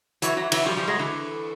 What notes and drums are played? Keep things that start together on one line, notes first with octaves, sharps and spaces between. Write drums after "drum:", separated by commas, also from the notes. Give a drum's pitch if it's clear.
E3 F#3, drum: hi-hat
E3 F#3
E3 F#3, drum: cymbal
F3 G3
F3 G3
F#3 G#3
D3 E3